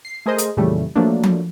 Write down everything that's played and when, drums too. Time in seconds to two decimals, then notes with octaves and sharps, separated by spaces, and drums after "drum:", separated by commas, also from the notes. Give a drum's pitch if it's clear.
0.05 C7
0.26 A3 G#4 A#4 C5 D#5
0.38 drum: hi-hat
0.57 F2 A#2 C#3 E3 G3 A3
0.96 F3 F#3 A3 A#3 D4
1.23 drum: tom F3